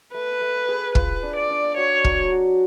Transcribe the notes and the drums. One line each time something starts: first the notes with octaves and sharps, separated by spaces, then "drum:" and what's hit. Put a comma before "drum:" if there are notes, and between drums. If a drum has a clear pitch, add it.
A3 B4
A3
G#4
F4 B4, drum: kick
D4
D5
D4
F#4 C#5
F#3, drum: kick
F#4